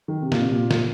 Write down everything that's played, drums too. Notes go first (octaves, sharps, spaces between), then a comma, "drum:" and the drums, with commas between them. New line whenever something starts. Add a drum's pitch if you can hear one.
D#3
C3
A#2, drum: snare
C3
A#2
drum: snare